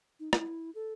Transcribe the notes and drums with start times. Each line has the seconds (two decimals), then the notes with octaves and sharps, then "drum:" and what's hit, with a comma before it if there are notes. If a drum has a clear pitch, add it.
0.20 D#4
0.33 E4, drum: rim click
0.75 A4